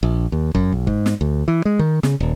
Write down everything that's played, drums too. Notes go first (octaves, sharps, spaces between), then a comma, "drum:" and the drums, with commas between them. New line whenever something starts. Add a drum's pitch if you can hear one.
A#1
D#2
F#2, drum: kick G1
B1
G#2, drum: kick G1
drum: snare
D2
E3
G#3
D#3
C#3, drum: snare
D#1